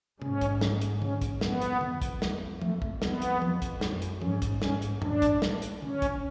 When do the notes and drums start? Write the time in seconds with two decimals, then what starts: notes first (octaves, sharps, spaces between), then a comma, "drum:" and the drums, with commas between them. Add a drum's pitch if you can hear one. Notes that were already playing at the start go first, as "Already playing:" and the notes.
0.22 G#2 C#4, drum: tom
0.41 drum: kick, hi-hat
0.61 drum: snare
0.81 drum: hi-hat
1.02 C#4, drum: tom D3
1.22 drum: kick, hi-hat
1.41 F2 B3, drum: snare
1.62 drum: hi-hat
1.81 F2, drum: tom D3
2.02 drum: kick, hi-hat
2.22 F2, drum: snare
2.62 A3, drum: tom
2.82 drum: kick
3.02 F2 B3, drum: snare
3.22 drum: hi-hat
3.42 drum: tom
3.62 drum: kick, hi-hat
3.81 F#2, drum: snare
4.02 drum: hi-hat
4.22 G#2 C#4, drum: tom
4.42 drum: kick, hi-hat
4.62 G#2 C#4, drum: snare
4.82 drum: hi-hat
5.02 A2 D4, drum: tom F#2
5.22 drum: kick, hi-hat
5.42 drum: snare
5.62 drum: hi-hat
5.82 C#4, drum: tom D3
6.02 drum: kick, hi-hat